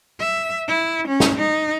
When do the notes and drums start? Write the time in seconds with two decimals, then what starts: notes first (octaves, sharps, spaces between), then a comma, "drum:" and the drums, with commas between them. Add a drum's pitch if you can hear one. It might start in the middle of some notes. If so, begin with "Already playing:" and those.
0.20 E5
0.68 E4
1.08 C#4
1.20 drum: snare
1.38 D#4